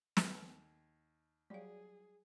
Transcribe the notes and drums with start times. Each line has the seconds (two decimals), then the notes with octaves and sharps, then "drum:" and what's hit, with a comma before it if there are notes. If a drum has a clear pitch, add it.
0.17 D#2 A4, drum: snare
1.50 F#3 G3 G#4 D5 F5